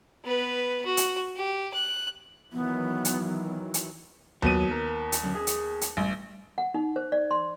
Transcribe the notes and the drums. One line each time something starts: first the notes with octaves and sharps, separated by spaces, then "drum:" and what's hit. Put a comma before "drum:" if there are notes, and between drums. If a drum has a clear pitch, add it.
B3 B4
F#4
drum: hi-hat
G4
F#6
D#3 E3 F#3 B3
drum: hi-hat
drum: hi-hat
D#2 F#3 B3 D#7, drum: tom D#2
A#4
drum: hi-hat
F#2 D3
G#4
drum: hi-hat
drum: hi-hat
A1 G2
F#5
D#4
C5
D5
C6